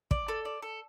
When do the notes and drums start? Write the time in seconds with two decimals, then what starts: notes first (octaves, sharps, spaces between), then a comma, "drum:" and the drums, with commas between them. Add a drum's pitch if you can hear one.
0.11 D5, drum: kick
0.28 A4
0.45 D5
0.62 A4